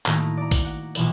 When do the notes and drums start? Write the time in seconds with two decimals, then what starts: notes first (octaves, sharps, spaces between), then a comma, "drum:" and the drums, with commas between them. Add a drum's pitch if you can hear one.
0.06 A2 D#3 A3 A#3 F#4 A#5, drum: clap
0.37 D5 A#5
0.51 drum: kick A#1, open hi-hat
0.65 F#5
0.95 A#1 B2 E3 E7, drum: open hi-hat